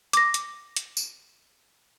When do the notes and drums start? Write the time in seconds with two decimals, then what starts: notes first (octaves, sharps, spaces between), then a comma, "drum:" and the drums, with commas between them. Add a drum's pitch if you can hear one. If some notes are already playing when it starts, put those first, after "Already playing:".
0.13 D6 A#6, drum: hi-hat
0.34 drum: hi-hat
0.76 drum: hi-hat
0.97 drum: tambourine